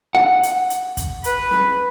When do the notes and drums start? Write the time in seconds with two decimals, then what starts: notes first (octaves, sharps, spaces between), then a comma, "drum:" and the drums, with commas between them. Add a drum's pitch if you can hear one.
0.15 F#5
0.43 drum: hi-hat
0.70 drum: hi-hat
0.97 drum: kick, hi-hat
1.24 B4, drum: hi-hat
1.51 drum: snare